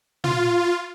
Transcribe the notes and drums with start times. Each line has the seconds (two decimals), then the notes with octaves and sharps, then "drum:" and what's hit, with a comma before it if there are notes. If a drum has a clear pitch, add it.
0.24 F4, drum: tom A#2